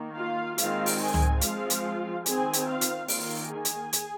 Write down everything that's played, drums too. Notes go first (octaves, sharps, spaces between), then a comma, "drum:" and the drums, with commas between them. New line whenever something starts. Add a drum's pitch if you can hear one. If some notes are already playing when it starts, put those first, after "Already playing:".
Already playing: D#3 A#3
F4 F5
D#3 G#3 C4 F4 F5, drum: hi-hat
drum: open hi-hat
G#4 G#5
drum: tom C#2
F3 G#3 C4 F4 F5, drum: hi-hat
drum: hi-hat
D#3 C4 G#4 G#5, drum: hi-hat
drum: hi-hat
F4 F5
drum: hi-hat
D#3 A#3 F4 F5, drum: open hi-hat
G#4 G#5
drum: hi-hat
drum: hi-hat